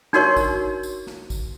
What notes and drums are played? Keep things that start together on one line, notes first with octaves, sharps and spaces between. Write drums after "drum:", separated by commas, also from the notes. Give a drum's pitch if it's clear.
D4 D#4 F#4 A#4 C#5 C#6, drum: snare
drum: kick A1, tambourine
drum: tambourine
drum: snare
drum: kick A1, tambourine